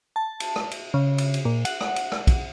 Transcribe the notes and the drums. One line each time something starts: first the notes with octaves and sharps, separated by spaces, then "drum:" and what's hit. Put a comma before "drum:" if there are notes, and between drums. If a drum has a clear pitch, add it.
A5
drum: cymbal
drum: rim click
drum: cymbal
C#3
drum: cymbal
drum: cymbal
A#2
F#5, drum: cymbal
drum: rim click
drum: cymbal
drum: rim click
drum: kick, cymbal